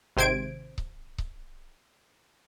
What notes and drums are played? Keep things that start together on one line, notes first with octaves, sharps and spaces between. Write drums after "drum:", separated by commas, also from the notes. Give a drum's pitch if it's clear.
G#1 C3 C5 G#6 D7
drum: kick C#1
drum: kick C#1